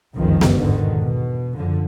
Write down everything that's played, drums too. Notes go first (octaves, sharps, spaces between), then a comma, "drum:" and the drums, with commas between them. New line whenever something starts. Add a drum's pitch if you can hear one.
G1 C#2 F#2 D#3 F3 C4
drum: snare B3
E2 G#2 B2 D3 D#3
B2
F#2 D3 F3